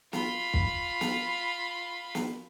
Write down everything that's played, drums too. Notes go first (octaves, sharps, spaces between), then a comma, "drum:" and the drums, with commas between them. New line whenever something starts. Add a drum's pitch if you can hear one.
F4 B5, drum: snare
drum: kick
drum: snare
drum: snare